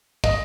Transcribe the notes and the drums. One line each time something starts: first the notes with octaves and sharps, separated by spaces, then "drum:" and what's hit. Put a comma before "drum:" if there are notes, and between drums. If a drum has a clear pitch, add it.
D#5, drum: kick